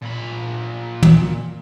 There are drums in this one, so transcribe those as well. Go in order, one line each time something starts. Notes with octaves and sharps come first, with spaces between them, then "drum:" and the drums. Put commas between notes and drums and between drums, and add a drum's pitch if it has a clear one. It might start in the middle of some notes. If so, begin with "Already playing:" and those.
A#2 B5
drum: tom